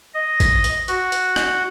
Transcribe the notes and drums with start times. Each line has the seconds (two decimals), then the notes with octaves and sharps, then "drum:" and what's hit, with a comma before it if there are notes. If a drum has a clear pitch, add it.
0.14 D#5
0.40 drum: kick, hi-hat
0.64 drum: hi-hat
0.88 F#4, drum: hi-hat
1.12 drum: hi-hat
1.36 drum: rim click